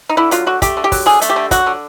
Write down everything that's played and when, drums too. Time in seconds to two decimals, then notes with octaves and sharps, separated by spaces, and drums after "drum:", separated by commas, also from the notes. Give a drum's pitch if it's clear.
0.09 D#4
0.17 D3 E4
0.31 F#3 F4, drum: hi-hat
0.46 D3 F#4
0.62 A3 G4, drum: kick, hi-hat
0.77 D3
0.84 G4
0.92 F#3, drum: kick, open hi-hat
1.06 D3 G#4
1.21 A3, drum: hi-hat
1.29 G4
1.36 D3
1.51 F#3 F#4, drum: kick, hi-hat
1.66 D3